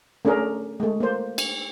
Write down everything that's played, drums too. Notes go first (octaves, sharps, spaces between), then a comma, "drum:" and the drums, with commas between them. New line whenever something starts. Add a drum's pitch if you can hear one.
A3 C#4 D4 G#4 A#4
G#3 A3
A#3 C5
drum: cymbal